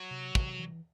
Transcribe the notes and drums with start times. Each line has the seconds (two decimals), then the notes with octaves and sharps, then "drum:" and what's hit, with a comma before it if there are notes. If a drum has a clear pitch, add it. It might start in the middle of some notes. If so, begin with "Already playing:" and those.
Already playing: F#3
0.11 C3
0.35 C3, drum: kick
0.59 E3